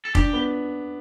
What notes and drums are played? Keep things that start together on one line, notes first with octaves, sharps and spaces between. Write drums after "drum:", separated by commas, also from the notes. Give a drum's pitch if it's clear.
A4
D4 G4, drum: kick
B3